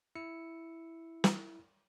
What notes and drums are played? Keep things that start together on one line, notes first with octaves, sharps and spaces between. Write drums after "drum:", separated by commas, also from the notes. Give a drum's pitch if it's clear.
E4 E6 C#7
drum: snare